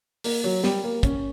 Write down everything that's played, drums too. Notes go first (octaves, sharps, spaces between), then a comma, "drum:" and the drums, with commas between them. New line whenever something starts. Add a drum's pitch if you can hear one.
A#3, drum: open hi-hat
F#3
G3, drum: snare
A#3
C#4, drum: kick, hi-hat